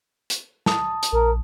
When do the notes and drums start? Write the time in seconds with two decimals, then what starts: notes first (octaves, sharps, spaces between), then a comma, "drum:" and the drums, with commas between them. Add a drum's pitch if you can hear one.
0.30 drum: hi-hat
0.66 A5 D#6, drum: snare
1.03 drum: hi-hat
1.12 A#1 A#4